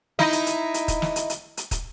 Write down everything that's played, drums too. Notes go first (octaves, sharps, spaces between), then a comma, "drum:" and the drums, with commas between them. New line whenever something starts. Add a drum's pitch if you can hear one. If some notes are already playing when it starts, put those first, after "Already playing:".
D#4 E4 D#5, drum: snare
drum: hi-hat
drum: hi-hat
drum: hi-hat
drum: kick, hi-hat
drum: snare
drum: hi-hat
drum: hi-hat
drum: hi-hat
drum: kick, hi-hat